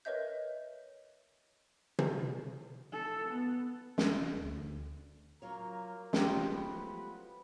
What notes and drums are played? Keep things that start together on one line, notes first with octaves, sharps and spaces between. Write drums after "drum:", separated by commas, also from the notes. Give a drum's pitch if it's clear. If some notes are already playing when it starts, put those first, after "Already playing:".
A#4 B4 C#5 D#5 E5 G6
drum: tom
A4
B3
drum: snare
D2
F#3 A#3 F4 A#4 C#5
F3 F#3 G#3 A3 B3 G4, drum: snare
B4